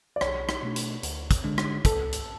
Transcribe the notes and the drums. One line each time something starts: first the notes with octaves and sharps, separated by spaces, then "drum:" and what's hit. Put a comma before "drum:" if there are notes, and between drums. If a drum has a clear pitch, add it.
D5
B1 C#5, drum: rim click
drum: rim click
B2 A3 D4
drum: hi-hat
D2, drum: hi-hat
drum: kick, hi-hat
D3 G#3 D4
drum: rim click
C#2 A4, drum: kick, hi-hat
drum: hi-hat